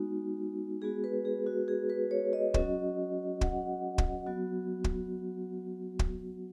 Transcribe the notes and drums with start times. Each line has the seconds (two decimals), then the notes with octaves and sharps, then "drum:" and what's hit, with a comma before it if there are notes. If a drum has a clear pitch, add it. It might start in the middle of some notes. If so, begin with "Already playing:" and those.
Already playing: G#3 B3 D#4 F#4
0.82 G#3 B3 F#4 G#4
1.04 B4
1.25 G#4
1.47 F#4
1.68 G#4
1.90 B4
2.11 C#5
2.33 D#5
2.54 F#3 C#4 F#4, drum: kick
3.41 F#5, drum: kick
3.98 drum: kick
4.27 F#3 B3 F#4
4.84 drum: kick
5.99 drum: kick